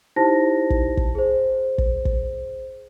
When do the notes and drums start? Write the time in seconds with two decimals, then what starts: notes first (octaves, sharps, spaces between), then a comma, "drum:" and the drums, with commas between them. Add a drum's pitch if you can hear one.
0.16 D#4 E4 G4 C5 A5 A#6
0.70 drum: kick
0.97 drum: kick
1.15 G#4 C5
1.78 drum: kick
2.05 drum: kick